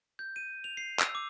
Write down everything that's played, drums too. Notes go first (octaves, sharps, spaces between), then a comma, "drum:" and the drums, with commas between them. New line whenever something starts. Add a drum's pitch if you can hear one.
G6
D#7
F7
C7
E6, drum: clap
D6